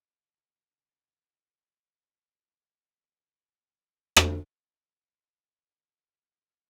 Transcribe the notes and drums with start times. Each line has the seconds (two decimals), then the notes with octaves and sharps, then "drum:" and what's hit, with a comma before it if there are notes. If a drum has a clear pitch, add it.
0.12 B2 A4
0.61 B2 D3 G3
1.29 E4
2.63 D2
4.17 drum: rim click
5.97 F6